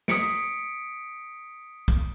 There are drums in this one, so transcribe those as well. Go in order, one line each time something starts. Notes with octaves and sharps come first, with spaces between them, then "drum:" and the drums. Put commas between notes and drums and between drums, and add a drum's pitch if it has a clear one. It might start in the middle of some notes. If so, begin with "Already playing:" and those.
D#6 B6 C#7 D7, drum: snare
drum: kick